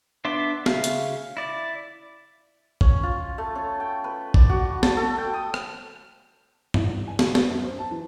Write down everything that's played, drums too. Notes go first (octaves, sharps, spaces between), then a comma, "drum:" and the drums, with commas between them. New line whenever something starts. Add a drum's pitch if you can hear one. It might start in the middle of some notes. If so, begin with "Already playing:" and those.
B3 D4 E5 C6 D6
C#3 E5 F5 F6, drum: snare
drum: hi-hat
E4 D5
C#4, drum: kick
F4
A3
C#4
G5
B4
D5, drum: kick
F#4
A5, drum: snare
A4
G5
D#6
drum: rim click
E4, drum: tom G2
G3
G#5
F#1, drum: snare
B3, drum: snare
F#2
C5
A5
E3